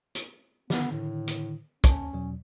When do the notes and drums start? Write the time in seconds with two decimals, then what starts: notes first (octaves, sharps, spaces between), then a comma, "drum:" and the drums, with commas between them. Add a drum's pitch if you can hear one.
0.15 drum: hi-hat
0.70 D3 D#3 B3, drum: snare
0.92 A2
1.28 drum: hi-hat
1.84 D#2 C#4 A5, drum: kick, hi-hat
2.13 E2 B2 F#3